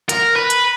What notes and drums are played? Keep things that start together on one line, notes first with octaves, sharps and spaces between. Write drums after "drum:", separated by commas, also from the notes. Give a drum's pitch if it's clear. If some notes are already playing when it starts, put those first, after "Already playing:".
A#4, drum: hi-hat
B4
drum: hi-hat